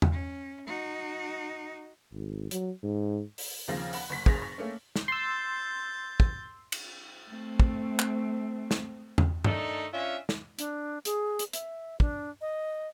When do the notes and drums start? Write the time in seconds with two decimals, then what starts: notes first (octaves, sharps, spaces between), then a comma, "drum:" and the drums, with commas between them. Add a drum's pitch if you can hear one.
0.02 drum: tom E2
0.11 C#4
0.67 D#4 F#4
2.13 G#1
2.51 F#3, drum: hi-hat
2.83 G#2
3.38 drum: open hi-hat
3.68 D#2 C#3 F3 C4 F5 A#6
3.93 F#5 B5, drum: open hi-hat
4.10 F#1 B6
4.26 F#1 C#3 G#4 A6 A#6 F7, drum: kick
4.42 C#6
4.58 A3 A#3 C#4
4.96 drum: snare
5.08 C6 E6 G6 A6
6.20 drum: kick
6.72 drum: cymbal
7.30 A3 C4
7.60 drum: kick
7.99 drum: clap
8.71 drum: snare
9.18 drum: tom E2
9.44 D#3 A3 D4 D#4, drum: tom G2
9.93 C#4 D4 F4 E5
10.29 drum: snare
10.59 D4, drum: hi-hat
11.05 G#4, drum: hi-hat
11.39 drum: hi-hat
11.53 E5, drum: hi-hat
12.00 D4, drum: kick
12.41 D#5